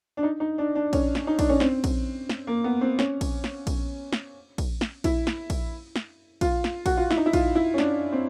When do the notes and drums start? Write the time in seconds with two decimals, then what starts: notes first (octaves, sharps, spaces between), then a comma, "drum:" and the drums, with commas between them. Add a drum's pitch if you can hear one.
0.17 D4
0.23 D#4
0.40 D#4
0.58 D4
0.75 D4
0.93 C#4, drum: kick A#1, cymbal
1.15 drum: snare
1.27 D#4
1.39 D4, drum: kick A#1, cymbal
1.49 C#4
1.60 C4, drum: snare
1.84 drum: kick A#1, cymbal
2.29 drum: snare
2.47 A#3
2.64 B3
2.81 C4
2.99 C#4, drum: snare
3.21 drum: kick A#1, cymbal
3.44 drum: snare
3.67 drum: kick A#1, cymbal
4.13 drum: snare
4.58 drum: kick A#1, cymbal
4.81 drum: snare
5.04 E4, drum: kick A#1, cymbal
5.27 drum: snare
5.50 drum: kick A#1, cymbal
5.96 drum: snare
6.41 F4, drum: kick A#1, cymbal
6.64 drum: snare
6.86 F#4, drum: kick A#1, cymbal
6.97 F4
7.11 E4, drum: snare
7.17 D#4
7.26 E4
7.33 F4, drum: kick A#1, cymbal
7.55 E4
7.74 C#4
7.78 D4, drum: snare
8.12 C4